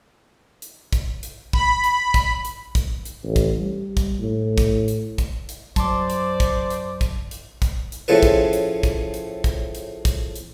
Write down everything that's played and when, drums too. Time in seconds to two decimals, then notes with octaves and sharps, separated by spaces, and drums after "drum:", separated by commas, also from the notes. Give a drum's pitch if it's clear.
0.62 drum: hi-hat
0.93 drum: kick, hi-hat
1.23 drum: hi-hat
1.53 B5, drum: kick
1.84 drum: hi-hat
2.14 drum: kick, hi-hat
2.45 drum: hi-hat
2.75 drum: kick, hi-hat
3.05 drum: hi-hat
3.24 A1
3.36 drum: kick, hi-hat
3.60 G3
3.97 drum: kick, hi-hat
4.20 A2
4.58 drum: kick, hi-hat
4.88 drum: hi-hat
5.18 drum: kick, hi-hat
5.49 drum: hi-hat
5.76 F#2 F#3 C5 D5 A5 C6 D6, drum: kick, hi-hat
6.10 drum: hi-hat
6.40 drum: kick, hi-hat
6.70 drum: hi-hat
7.01 drum: kick, hi-hat
7.31 drum: hi-hat
7.62 drum: kick, hi-hat
7.92 drum: hi-hat
8.08 A2 C#3 F3 A4 B4
8.23 drum: kick, hi-hat
8.53 drum: hi-hat
8.83 drum: kick, hi-hat
9.14 drum: hi-hat
9.44 drum: kick, hi-hat
9.75 drum: hi-hat
10.05 drum: kick, hi-hat
10.35 drum: hi-hat